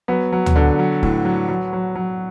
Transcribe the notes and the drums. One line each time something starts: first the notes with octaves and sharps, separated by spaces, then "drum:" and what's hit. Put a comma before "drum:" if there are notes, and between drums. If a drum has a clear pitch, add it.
F#3 B3
F#3
drum: tom D2
D3
F#3
A2, drum: kick
F#3
F#3
F#3
F#3